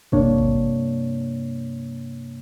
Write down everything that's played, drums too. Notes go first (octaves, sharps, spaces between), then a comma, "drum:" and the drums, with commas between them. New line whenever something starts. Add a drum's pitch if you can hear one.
G2 C3 A#3 D4 C#5, drum: kick G#1
drum: kick G#1